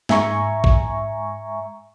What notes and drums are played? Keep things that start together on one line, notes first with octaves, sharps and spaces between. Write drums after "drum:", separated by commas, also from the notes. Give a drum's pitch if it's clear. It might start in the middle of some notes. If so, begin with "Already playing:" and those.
G#2 E5 G#5 A#5 C#6, drum: snare
drum: kick A1